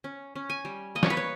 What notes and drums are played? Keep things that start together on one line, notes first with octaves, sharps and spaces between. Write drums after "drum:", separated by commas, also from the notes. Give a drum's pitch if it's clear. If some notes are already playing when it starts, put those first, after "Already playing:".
C#4
C#4
G#5
G3
A#3 D#5
C#5, drum: snare
B4
C#5